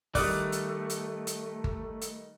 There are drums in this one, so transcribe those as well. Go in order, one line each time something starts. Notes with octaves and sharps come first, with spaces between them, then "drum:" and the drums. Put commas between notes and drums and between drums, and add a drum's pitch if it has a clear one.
D#3 G3 A3 D5 D#6 F6 F#6, drum: kick G1, open hi-hat
drum: hi-hat
drum: hi-hat
drum: hi-hat
drum: kick G1
drum: hi-hat